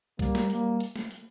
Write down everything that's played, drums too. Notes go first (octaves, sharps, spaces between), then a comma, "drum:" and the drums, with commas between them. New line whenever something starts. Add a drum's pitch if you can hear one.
G3 A#3, drum: kick, hi-hat
drum: snare
G3 A#3, drum: hi-hat
drum: hi-hat
drum: snare
drum: hi-hat